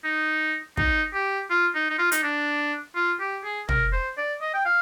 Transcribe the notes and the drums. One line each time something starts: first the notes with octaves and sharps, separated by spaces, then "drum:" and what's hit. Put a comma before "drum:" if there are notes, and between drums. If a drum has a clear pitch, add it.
D#4
D#4, drum: kick
G4
F4
D#4
D#4
F4
D#4, drum: hi-hat
D4
F4
G4
G#4
A#4, drum: tom
C5
D5
D#5
G5
F5